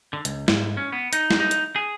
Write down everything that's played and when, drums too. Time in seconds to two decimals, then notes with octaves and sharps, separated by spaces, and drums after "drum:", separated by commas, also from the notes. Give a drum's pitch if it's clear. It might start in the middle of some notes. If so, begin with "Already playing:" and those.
0.13 D3
0.25 C#2, drum: hi-hat
0.48 G#2, drum: snare
0.77 C#4
0.92 B3
1.13 D#4, drum: hi-hat
1.31 drum: snare
1.40 D#4
1.51 drum: hi-hat
1.76 G#4